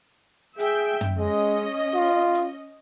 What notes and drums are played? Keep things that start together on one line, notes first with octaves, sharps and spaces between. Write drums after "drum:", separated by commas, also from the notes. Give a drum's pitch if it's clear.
G#4 E5 G5, drum: hi-hat
drum: tom
G#3 C#4 D#5
F4
drum: hi-hat